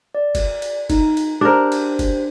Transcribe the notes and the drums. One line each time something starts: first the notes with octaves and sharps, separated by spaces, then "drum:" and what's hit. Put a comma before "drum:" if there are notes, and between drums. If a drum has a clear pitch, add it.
D5
drum: kick, cymbal
drum: cymbal
D#4, drum: kick, cymbal
drum: cymbal
D4 G4 A#4 C5
drum: cymbal
drum: kick, cymbal